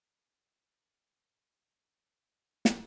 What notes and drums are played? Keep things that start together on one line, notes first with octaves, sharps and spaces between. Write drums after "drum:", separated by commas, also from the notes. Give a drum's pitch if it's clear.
G2 C#3 G#3 A#3 B3
drum: snare